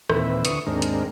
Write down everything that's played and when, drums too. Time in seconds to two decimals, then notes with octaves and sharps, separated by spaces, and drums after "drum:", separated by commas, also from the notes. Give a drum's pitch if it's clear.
0.09 D#2 A#2 E3 C4 B4 E5, drum: rim click
0.45 D3 C#6 D#6, drum: hi-hat
0.66 D#2 G#2 G#3 C4 D4 A#4
0.82 drum: hi-hat